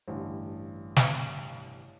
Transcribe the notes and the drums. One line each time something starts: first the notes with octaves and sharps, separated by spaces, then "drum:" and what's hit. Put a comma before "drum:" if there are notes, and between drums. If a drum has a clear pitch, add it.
A1 G2 D3
drum: snare